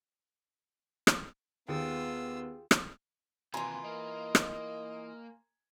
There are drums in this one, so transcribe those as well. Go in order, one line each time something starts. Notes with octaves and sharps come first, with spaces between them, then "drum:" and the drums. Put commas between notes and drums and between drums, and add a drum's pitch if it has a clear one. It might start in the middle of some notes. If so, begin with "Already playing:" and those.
drum: rim click
D#2 B3 F4 G#4 G5 E6
drum: rim click
D#2 C3 E3 F4 G#5 A#5 C6
A#3 D#5
drum: rim click